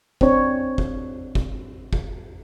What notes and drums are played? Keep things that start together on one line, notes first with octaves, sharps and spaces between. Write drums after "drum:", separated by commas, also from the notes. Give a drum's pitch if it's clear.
C4 D4 C#5, drum: kick
drum: kick
drum: kick
drum: kick